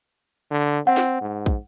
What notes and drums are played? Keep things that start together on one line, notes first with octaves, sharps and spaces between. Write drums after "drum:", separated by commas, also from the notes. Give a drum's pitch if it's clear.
D3
C4 F#5
drum: snare
G#2
drum: kick